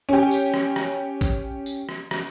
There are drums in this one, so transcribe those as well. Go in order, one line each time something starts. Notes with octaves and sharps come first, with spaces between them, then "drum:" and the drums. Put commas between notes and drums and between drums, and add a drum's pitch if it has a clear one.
C#4 G4
drum: tambourine
drum: rim click
drum: rim click
drum: kick, tambourine
drum: tambourine
drum: rim click
drum: rim click